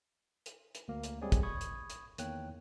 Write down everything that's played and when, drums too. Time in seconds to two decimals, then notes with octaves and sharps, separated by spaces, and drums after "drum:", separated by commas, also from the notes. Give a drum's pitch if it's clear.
0.46 drum: hi-hat
0.75 drum: hi-hat
0.88 D2 A3 A#3
1.03 drum: hi-hat
1.22 G3 G#3 C4 G#4 C#5 D5
1.32 drum: kick, hi-hat
1.43 B5 C#6 D#6 G#6
1.61 drum: hi-hat
1.90 drum: hi-hat
2.18 E2 D#3 A#3 C#5 G5 F#6, drum: hi-hat